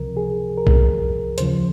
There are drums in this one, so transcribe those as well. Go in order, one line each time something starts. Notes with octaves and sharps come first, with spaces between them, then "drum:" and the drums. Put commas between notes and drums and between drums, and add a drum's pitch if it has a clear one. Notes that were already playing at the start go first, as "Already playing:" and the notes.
Already playing: C#2 C3 F3 A#4
G#4
A#4
drum: kick B1
D#2 C#3 F3 C5, drum: hi-hat